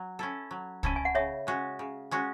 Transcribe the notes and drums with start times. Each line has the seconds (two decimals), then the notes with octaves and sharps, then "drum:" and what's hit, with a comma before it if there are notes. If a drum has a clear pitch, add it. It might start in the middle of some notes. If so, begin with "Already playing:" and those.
Already playing: F#3
0.19 C#4 E4 A4
0.51 F#3
0.83 C#4 E4 A4 A5, drum: kick
0.96 G#5
1.05 F#5
1.15 C#3 C#5 E5
1.47 G#3 C#4 F#4
1.79 C#3
2.11 G#3 C#4 F#4